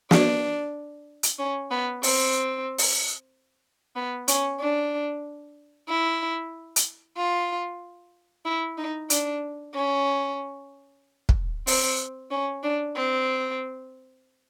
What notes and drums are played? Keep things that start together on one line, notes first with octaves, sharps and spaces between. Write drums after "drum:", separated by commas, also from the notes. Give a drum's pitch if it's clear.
D4, drum: snare
drum: hi-hat
C#4
B3
C4, drum: open hi-hat
drum: open hi-hat
B3
C#4, drum: hi-hat
D4
E4
drum: hi-hat
F4
E4
D#4
D4, drum: hi-hat
C#4
drum: kick
C4, drum: open hi-hat
C#4
D4
C4